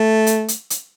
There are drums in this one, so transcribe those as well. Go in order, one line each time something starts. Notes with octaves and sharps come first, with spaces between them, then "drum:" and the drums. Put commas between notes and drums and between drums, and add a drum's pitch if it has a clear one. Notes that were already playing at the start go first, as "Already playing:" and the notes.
Already playing: A3
drum: hi-hat
drum: hi-hat
drum: hi-hat